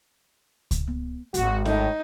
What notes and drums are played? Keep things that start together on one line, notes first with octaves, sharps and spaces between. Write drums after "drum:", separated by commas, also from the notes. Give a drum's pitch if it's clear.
drum: kick C#2, hi-hat
B3
D1 G#1 F#4, drum: hi-hat
A2 D#4, drum: snare C#4